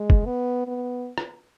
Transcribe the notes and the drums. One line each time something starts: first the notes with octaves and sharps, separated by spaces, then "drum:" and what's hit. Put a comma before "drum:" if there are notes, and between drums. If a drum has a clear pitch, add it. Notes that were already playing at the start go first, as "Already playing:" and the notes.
Already playing: G#3
drum: kick F#1
B3
B3
drum: rim click